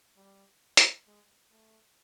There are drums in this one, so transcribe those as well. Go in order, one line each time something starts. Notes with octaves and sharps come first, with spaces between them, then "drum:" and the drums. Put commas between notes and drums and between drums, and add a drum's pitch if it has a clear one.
G3
drum: hi-hat
G#3
A3